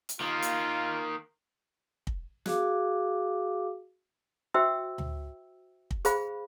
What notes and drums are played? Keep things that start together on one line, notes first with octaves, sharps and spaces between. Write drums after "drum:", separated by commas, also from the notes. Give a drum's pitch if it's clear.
drum: hi-hat
D#3 A#3 F4
drum: hi-hat
drum: kick
F#4 G#4 F5 D6, drum: snare
F#4 C5 E5 G5 E6
drum: tom D2
drum: kick
G#4 C5 F5 B5, drum: hi-hat